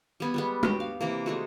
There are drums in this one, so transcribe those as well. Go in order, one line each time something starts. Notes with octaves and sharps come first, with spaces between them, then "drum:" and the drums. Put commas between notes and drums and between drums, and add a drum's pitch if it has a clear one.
G3 B3 G#5
G3 G#3 B3
F#4 G4, drum: tom G#3
F5
C3 E3 A#3
G#3 A3 F#4